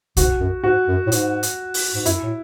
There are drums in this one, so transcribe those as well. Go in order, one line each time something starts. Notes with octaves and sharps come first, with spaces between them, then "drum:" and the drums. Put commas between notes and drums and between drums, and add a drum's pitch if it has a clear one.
G#2 F#4, drum: kick, hi-hat
F#2
G#2 F#4
F#2
A2
G#2, drum: hi-hat
drum: hi-hat
drum: open hi-hat
G#2
F#2 E4, drum: hi-hat
A2